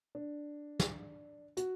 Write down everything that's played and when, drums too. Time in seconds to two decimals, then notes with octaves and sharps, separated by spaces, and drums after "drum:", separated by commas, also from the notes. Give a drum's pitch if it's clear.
0.15 D4
0.80 drum: snare
1.57 F#4, drum: hi-hat